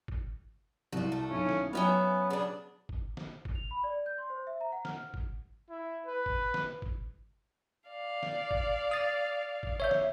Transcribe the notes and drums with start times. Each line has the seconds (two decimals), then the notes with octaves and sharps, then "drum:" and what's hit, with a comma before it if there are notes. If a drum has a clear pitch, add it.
0.08 drum: kick
0.93 C2 F4 F#4
1.12 A3
1.31 B1 C#4 E4
1.49 drum: snare
1.73 F#3 B3 C#4 E5 F5
2.30 C#3 B3 D4
2.89 drum: kick
3.17 drum: snare
3.45 drum: kick
3.55 F7
3.71 B5
3.84 D5
4.06 G6
4.18 C6
4.30 C5
4.47 E5
4.61 A#5
4.72 F#5
4.85 F6, drum: snare
5.14 drum: kick
5.70 E4
6.06 B4
6.26 drum: kick
6.54 drum: snare
6.82 drum: kick
7.90 D5 F5
8.23 drum: snare
8.51 drum: kick
8.91 D#6 A6
9.63 drum: kick
9.80 C#5 E5 G6
9.91 drum: snare